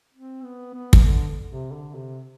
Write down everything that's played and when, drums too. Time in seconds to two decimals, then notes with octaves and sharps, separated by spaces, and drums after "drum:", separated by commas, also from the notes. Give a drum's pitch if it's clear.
0.15 C4
0.44 B3
0.74 B3
0.93 drum: kick
1.05 D3
1.49 C3
1.72 D3
1.95 C3